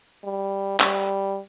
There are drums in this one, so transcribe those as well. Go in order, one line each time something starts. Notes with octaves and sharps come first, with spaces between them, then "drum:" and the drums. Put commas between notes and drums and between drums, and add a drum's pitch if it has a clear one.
G3
G3, drum: clap